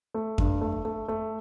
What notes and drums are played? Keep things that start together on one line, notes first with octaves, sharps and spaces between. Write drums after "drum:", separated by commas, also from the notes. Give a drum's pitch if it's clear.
A3
G2, drum: kick F2
A3
A3
A3